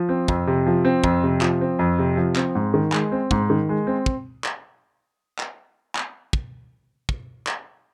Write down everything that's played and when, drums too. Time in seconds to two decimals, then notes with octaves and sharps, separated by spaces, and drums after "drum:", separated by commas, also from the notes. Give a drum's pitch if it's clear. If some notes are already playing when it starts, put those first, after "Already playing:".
Already playing: F3
0.09 C4
0.28 F2, drum: kick
0.47 C3
0.67 F3
0.85 C4
1.04 F2, drum: kick
1.23 C3
1.41 F3, drum: clap
1.61 C4
1.79 F2
1.98 C3
2.17 F3
2.36 C4, drum: clap
2.55 G#2
2.74 D#3
2.92 G#3, drum: clap
3.12 C4
3.31 G#2, drum: kick
3.50 D#3
3.69 G#3
3.87 C4
4.06 drum: kick
4.44 drum: clap
5.39 drum: clap
5.95 drum: clap
6.33 drum: kick
7.09 drum: kick
7.47 drum: clap